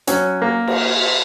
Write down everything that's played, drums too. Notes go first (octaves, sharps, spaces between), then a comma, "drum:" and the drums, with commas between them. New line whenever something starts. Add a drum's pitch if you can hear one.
F#3 C#4, drum: hi-hat
A#3
drum: cymbal